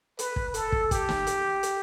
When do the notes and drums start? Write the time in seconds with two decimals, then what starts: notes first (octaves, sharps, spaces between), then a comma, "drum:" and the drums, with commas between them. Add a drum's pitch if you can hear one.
0.19 B4, drum: hi-hat
0.36 drum: kick
0.54 A4, drum: hi-hat
0.72 drum: kick
0.91 G4, drum: kick, hi-hat
1.09 drum: snare
1.27 drum: hi-hat
1.63 drum: hi-hat